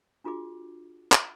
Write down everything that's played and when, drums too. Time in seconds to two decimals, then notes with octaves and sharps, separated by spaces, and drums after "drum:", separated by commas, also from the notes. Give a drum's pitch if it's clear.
0.24 D4 F4 F#4 G#4 D6
1.12 drum: clap